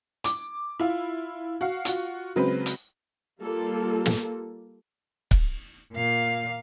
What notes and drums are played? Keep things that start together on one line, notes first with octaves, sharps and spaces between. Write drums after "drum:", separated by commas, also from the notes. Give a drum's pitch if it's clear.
D6, drum: hi-hat
E4 F4
F#4 F5
F4 F#4, drum: hi-hat
C#3 F#3 G#3 C4 B4
drum: hi-hat
G3 A#3 F4 A4
drum: snare
drum: kick C#1
A#2 F5